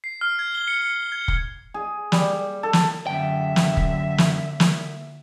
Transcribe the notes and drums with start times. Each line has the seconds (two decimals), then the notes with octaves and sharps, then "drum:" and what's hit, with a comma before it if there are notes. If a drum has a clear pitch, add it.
0.04 C7
0.21 F6
0.39 G#6
0.54 G7
0.68 C#7
0.81 C#7
1.12 G#6
1.28 drum: kick
1.74 G#4
2.12 G3, drum: snare
2.63 A4
2.73 drum: snare
3.07 F#2 D3 E5 G5
3.56 drum: snare
3.77 drum: kick
4.18 drum: snare
4.60 drum: snare